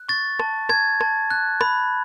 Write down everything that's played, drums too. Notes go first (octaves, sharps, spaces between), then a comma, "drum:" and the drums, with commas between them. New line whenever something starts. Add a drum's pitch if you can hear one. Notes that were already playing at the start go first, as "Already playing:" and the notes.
Already playing: F#6
C#6 A6
A5, drum: rim click
A5 G#6, drum: rim click
A5, drum: rim click
F#6
B5, drum: rim click